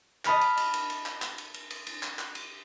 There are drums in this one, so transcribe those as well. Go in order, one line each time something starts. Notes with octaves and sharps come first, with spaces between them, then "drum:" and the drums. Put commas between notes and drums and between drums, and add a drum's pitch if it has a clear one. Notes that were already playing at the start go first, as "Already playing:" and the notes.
D#5 A5 B5 F6, drum: clap
drum: cymbal
drum: cymbal
drum: cymbal
drum: cymbal
drum: clap
drum: clap
drum: cymbal
drum: cymbal
drum: cymbal
drum: cymbal
drum: clap
drum: clap
drum: cymbal